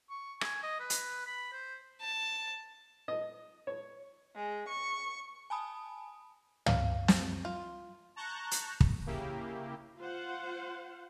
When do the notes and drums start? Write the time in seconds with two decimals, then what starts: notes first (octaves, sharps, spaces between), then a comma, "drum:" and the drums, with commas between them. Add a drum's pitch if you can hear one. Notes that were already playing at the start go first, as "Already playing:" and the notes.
0.10 C#6
0.41 G#5, drum: rim click
0.63 D#5
0.80 B4
0.90 drum: hi-hat
1.26 B5
1.53 C5
2.01 A5
3.08 D#5
3.67 C#5
4.35 G#3
4.68 C#6
5.50 G#5 A5 B5 D#6
6.66 F5, drum: tom
7.08 drum: snare
7.45 F4
8.16 A5 A#5 C#6 F#6 G6
8.51 drum: hi-hat
8.80 drum: kick
9.06 C#3 A#3 E4 G4
9.98 F4 C5 F5 F#5